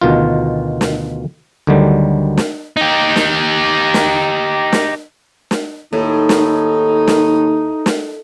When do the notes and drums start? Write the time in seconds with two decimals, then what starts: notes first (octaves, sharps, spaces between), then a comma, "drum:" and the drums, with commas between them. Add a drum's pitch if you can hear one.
0.01 D2 B2 D#3 F4
0.81 drum: snare
1.67 D2 D3 D#3 F#3 G3
2.37 drum: snare
2.77 D#4 G4
3.16 drum: snare
3.94 drum: snare
4.72 drum: snare
5.51 drum: snare
5.93 D#2 A2 D#4 A4
6.29 drum: snare
7.07 drum: snare
7.86 drum: snare